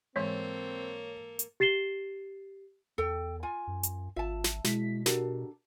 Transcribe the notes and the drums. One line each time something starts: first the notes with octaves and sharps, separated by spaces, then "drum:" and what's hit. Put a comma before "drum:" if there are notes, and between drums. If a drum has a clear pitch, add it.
G#2 E3 G#3 A#3 C4 A4 C#5
drum: hi-hat
G4 A6 C7 E7 G7
E2 A4 G5
F4 G#5
F#2
drum: hi-hat
G#1 F4 E5 A5
drum: snare
B2 G#3 E4 B6, drum: snare
D4 F#4 G4 A4 A#4, drum: snare